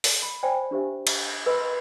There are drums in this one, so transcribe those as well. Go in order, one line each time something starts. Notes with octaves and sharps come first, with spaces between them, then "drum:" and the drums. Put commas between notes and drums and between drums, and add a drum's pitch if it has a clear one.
drum: open hi-hat
B5
C5 D5 G5 G#5 B5
D4 G4 C5 E5
drum: cymbal
A#4 B4 D#5 B5 C6